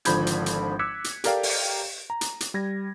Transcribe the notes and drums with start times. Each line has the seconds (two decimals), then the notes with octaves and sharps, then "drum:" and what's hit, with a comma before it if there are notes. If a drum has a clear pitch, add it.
0.05 G#1 D3 F3 B5 G6 G#6, drum: hi-hat
0.27 drum: hi-hat
0.46 drum: hi-hat
0.79 D6 E6 F#6 G#6 B6 C#7
1.04 drum: hi-hat
1.24 G4 A4 A#4 D5 F5 G5, drum: hi-hat
1.43 drum: open hi-hat
2.10 A#5
2.21 drum: hi-hat
2.40 drum: hi-hat
2.54 G3 G#6 A#6